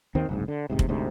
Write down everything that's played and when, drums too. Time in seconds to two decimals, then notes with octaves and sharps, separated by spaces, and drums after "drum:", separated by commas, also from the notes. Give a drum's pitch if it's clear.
0.15 D#2 D#3 C4
0.29 F#1 C2 G#2
0.48 D3
0.70 D#1 G#2 C3
0.79 drum: kick
0.89 D2 G#2 C3